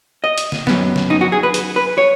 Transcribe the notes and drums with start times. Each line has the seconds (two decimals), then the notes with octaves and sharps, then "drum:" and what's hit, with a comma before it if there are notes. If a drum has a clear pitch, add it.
0.24 D#5
0.38 drum: hi-hat
0.52 drum: snare
0.67 F#2 D#3 B3, drum: snare
0.96 drum: snare
1.10 D#4
1.21 F#4
1.32 G#4
1.43 B4
1.54 drum: hi-hat
1.76 B4
1.98 C#5